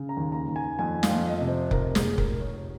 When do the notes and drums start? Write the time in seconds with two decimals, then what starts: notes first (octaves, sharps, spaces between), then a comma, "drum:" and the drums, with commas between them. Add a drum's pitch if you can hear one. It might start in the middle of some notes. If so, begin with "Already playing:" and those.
Already playing: C#3
0.09 A#5
0.17 D#2
0.32 A#5
0.48 D#2
0.56 G#5
0.79 F2 G#5
1.03 F5, drum: snare
1.10 F2
1.26 D#5
1.41 C3
1.48 C5
1.71 F1 A#4, drum: kick F1
1.95 G#4, drum: snare
2.02 F1
2.18 A#4, drum: kick F1
2.33 F1
2.40 C#5